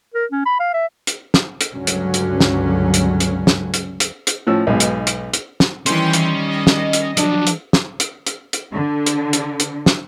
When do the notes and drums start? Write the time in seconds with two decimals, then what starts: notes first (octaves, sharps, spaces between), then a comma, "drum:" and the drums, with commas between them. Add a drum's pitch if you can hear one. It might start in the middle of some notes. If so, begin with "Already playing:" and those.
0.14 A#4
0.32 C#4
0.46 B5
0.60 F5
0.74 E5
1.07 drum: hi-hat
1.34 drum: snare
1.61 drum: hi-hat
1.74 C#2 G2 D3 F#3 C#4
1.87 drum: hi-hat
2.14 drum: hi-hat
2.40 drum: snare
2.94 drum: hi-hat
3.20 drum: hi-hat
3.47 drum: snare
3.74 drum: hi-hat
4.00 drum: hi-hat
4.27 drum: hi-hat
4.47 A2 F3 C#4 E6
4.67 B1 G#2 B2
4.80 drum: hi-hat
5.07 drum: hi-hat
5.34 drum: hi-hat
5.60 drum: snare
5.86 D#3 E3 G3 C#4 G5 C6, drum: hi-hat
6.13 drum: hi-hat
6.47 D#5
6.67 drum: snare
6.93 drum: hi-hat
7.17 F3 F#3 D4, drum: hi-hat
7.47 drum: hi-hat
7.73 drum: snare
8.00 drum: hi-hat
8.27 drum: hi-hat
8.53 drum: hi-hat
8.74 D3
9.06 drum: hi-hat
9.33 drum: hi-hat
9.60 drum: hi-hat
9.86 drum: snare